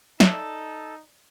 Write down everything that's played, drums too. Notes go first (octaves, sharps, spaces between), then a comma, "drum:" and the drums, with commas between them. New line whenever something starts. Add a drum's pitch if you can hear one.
D#4 A4 D5 E5, drum: snare